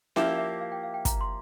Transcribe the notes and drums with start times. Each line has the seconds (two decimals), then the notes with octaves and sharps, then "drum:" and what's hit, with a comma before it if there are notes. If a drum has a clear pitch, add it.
0.16 F3 A#3 E4 G4 E5, drum: snare C#4
0.38 E5
0.61 F5
0.72 G5
0.83 F5
0.94 G5
1.05 A#5, drum: kick, hi-hat
1.21 C6